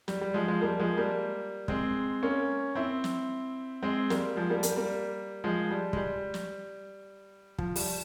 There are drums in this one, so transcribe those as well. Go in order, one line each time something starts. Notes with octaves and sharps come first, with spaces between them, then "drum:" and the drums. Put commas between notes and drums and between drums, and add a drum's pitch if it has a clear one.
G3, drum: snare
G3
F3 G#3
F3 G#3
G3 A#3
F3 G#3
G3 A#3
G#3 C4, drum: kick
A#3 C#4
C4 E4
drum: snare
G#3 C4
G3 A#3, drum: snare
F3 G#3
G3 A#3
G3 A#3, drum: hi-hat
G3 A#3
F3 G#3
G3
G#3, drum: kick
G3
drum: snare
F3, drum: kick
G3, drum: open hi-hat